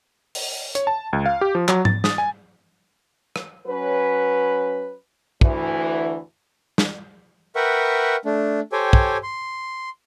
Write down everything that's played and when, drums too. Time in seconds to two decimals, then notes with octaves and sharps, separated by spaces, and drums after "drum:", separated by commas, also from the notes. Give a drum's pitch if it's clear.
0.35 drum: open hi-hat
0.75 C#5, drum: hi-hat
0.87 A5
1.13 C#2
1.26 F5
1.41 G4
1.55 F3
1.68 F#3, drum: clap
1.85 A6, drum: tom G#2
2.04 D#6, drum: snare
2.18 G#5
3.36 drum: rim click
3.67 F#3 C#4 B4
5.41 D2 E3, drum: kick
6.78 drum: snare
7.56 A#4 B4 E5 F#5 G5 C#6
8.25 A3 D4
8.72 G4 A4 C5 C#5 G5 G#5
8.93 drum: kick
9.23 C6